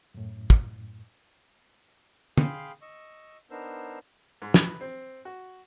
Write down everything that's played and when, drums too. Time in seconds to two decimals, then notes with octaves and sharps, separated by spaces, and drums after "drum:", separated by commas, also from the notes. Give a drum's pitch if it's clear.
0.14 F#2 A2
0.50 drum: kick
2.38 G#4 F5 G5 B5 C6, drum: tom
2.82 D#5 C#6 E6
3.51 B3 D4 D#4 A#4 C5 E6
4.42 G#2
4.54 B4, drum: snare
4.81 C4
5.25 F#4